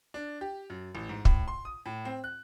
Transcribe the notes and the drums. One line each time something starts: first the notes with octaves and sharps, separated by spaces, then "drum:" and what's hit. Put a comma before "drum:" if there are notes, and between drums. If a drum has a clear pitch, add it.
D4
G4
F#2
A1
G#2
A2, drum: kick
C6
D#6
A2
C4
F#6